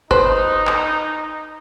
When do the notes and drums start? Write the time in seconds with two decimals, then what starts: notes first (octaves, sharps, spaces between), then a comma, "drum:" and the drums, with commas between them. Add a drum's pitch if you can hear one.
0.11 D#4 B4 C5, drum: kick G1
0.67 drum: clap